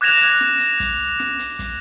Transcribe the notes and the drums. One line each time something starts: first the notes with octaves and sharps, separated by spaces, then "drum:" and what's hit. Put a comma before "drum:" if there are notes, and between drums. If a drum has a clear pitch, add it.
D6 F#6 G#6 A#6 E7 F7
drum: hi-hat
drum: snare
drum: hi-hat
drum: kick, hi-hat
drum: snare
drum: hi-hat
drum: kick, hi-hat